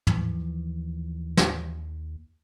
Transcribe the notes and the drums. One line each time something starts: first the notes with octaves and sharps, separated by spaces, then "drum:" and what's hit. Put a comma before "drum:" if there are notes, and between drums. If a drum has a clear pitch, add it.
D#2 E3 F3, drum: tom
drum: snare